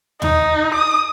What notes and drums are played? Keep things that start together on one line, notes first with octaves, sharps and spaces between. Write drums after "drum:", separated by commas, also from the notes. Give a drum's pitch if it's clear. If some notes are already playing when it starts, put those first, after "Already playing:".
D#4, drum: tom D#2
D#6